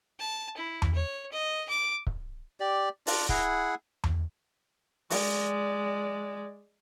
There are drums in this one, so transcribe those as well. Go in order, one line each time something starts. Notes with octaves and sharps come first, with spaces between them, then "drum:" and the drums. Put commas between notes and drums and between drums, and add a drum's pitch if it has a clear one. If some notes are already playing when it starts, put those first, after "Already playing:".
A5
E4
drum: tom E2
C#5
D#5
D6
drum: kick C#1
G4 D5
D4 F4 D5, drum: open hi-hat
E4 G#4 F#5, drum: kick C#1
drum: tom E2
G#3 D5, drum: open hi-hat